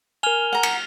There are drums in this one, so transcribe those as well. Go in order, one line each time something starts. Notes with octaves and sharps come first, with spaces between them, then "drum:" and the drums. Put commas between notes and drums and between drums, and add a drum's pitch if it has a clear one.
A#4 G#5 F6 F7 G7
F#5 A#5
drum: cymbal